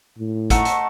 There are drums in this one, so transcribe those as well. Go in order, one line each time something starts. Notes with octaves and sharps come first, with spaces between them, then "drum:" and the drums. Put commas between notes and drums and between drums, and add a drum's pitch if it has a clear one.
A2
A3 D#4 F#4 A4, drum: kick, hi-hat
drum: hi-hat